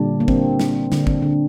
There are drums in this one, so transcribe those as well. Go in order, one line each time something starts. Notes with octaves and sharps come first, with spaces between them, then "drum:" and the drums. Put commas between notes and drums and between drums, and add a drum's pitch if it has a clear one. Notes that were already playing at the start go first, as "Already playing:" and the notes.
Already playing: A#2 D3 G3 D4
A#3
C4, drum: kick
drum: snare
D3 D4, drum: snare
C4, drum: kick
D3 D4